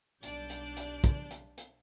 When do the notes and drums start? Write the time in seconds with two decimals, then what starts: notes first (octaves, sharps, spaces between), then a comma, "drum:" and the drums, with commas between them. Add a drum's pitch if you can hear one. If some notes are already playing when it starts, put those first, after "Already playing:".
0.23 B1 G3 D4 D5 G6, drum: hi-hat
0.50 drum: hi-hat
0.77 drum: hi-hat
1.04 drum: kick, hi-hat
1.31 drum: hi-hat
1.58 drum: hi-hat